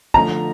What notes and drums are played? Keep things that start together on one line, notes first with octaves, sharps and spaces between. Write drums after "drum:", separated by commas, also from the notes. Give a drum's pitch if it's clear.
D3 F3 A3 A#5, drum: kick